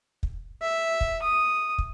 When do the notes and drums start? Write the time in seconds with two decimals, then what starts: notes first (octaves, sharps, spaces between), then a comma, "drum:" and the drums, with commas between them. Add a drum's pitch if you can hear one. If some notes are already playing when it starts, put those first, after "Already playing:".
0.23 drum: kick
0.62 E5
1.01 drum: kick
1.22 D#6
1.78 drum: kick